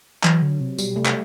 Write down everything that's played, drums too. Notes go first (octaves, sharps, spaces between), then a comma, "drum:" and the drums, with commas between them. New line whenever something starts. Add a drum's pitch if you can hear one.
E3 F#3, drum: clap
D3
C3
B2 G3, drum: tambourine
C3 A3
drum: clap